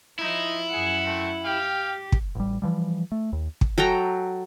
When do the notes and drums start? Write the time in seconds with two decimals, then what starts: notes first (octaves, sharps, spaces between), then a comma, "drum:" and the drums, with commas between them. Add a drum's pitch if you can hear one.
0.19 F3 D#4 E4
0.71 F#2 G#4 F#5
1.04 A3 C4
1.43 G4 F5 G5
2.12 drum: kick
2.35 A1 G3
2.62 E3 F3 G3
3.12 A3
3.33 D#2
3.61 drum: kick
3.78 F#3 A4 G5 A#5